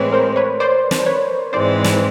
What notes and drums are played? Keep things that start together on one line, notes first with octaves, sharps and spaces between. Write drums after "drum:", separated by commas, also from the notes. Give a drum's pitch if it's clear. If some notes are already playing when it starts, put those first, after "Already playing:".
Already playing: A2 E3 G#3 C4 B4 C#5
A#4 C5
B4 C#5
C5 D5
drum: snare
B4 C#5
G#2 E3 G#3 C4 C5 D5
drum: snare